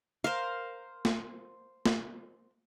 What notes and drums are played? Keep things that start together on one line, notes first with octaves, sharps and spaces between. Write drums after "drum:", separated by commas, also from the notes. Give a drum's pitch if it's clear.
A#4 C5 F5
drum: snare
drum: snare